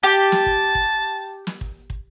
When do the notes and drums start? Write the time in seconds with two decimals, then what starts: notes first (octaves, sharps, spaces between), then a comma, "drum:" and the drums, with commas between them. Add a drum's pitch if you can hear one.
0.03 G4 A5
0.32 drum: snare
0.46 drum: kick
0.75 drum: kick
1.47 drum: snare
1.61 drum: kick
1.90 drum: kick